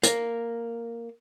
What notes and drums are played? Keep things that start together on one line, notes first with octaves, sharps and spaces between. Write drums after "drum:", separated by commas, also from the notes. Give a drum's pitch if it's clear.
A#3, drum: hi-hat